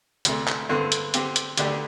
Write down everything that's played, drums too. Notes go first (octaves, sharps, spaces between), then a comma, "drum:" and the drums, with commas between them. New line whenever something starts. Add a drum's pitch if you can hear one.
D2 C3 A3, drum: hi-hat
drum: clap
G2 D3 C4 A4
drum: hi-hat
D3 C4 G4, drum: hi-hat
drum: hi-hat
D2 D3 A3 D4 G4, drum: hi-hat